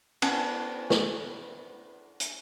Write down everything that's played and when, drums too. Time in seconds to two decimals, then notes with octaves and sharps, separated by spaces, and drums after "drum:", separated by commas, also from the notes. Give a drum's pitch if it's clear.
0.22 B3 C#4 A5, drum: cymbal
0.90 drum: snare
2.20 drum: hi-hat